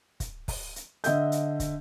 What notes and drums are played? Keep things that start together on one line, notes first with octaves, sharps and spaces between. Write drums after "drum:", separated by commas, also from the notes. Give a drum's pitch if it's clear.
drum: kick, hi-hat
drum: kick, open hi-hat
drum: hi-hat
D3 D#5 E5 G6, drum: hi-hat
drum: hi-hat
drum: kick, hi-hat